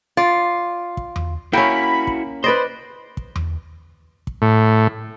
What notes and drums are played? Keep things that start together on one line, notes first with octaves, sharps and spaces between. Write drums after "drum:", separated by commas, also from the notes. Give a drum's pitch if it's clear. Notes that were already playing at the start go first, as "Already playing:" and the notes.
F4 D5
drum: kick
drum: tom E2
A#3 C#4 E4 F#4 E5 G5 B5
drum: kick
B4 C5 D5 D#5 B5
drum: kick
drum: tom E2
drum: kick
A2